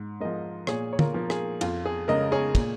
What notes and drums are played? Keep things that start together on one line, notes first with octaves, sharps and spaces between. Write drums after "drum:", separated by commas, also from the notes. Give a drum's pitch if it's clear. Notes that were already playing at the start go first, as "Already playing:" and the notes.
Already playing: G#2
F3 G#3 A#4 D#5
A#2 G#4 C#5, drum: rim click
C#5
F4 A#4, drum: tom
F3 A#3
G#4, drum: rim click
F2 F4, drum: cymbal
G#4
C#3 G#3 A#4 D#5
G#4 C#5
A#2, drum: kick, cymbal